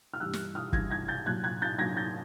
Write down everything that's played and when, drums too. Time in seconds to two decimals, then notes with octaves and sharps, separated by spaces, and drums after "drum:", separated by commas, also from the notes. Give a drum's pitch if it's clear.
0.14 F6
0.20 G2 E3 G3 E6 F#6
0.33 drum: snare
0.55 D#6 F6
0.73 G2 E3 G3 G#6 A#6, drum: kick
0.91 G#6 A#6
1.08 G6 A6
1.26 A#2 F#3 F#6 G#6
1.44 F#6 G#6
1.62 G6 A6
1.79 A#2 F#3 G#6 A#6
1.97 G6 A6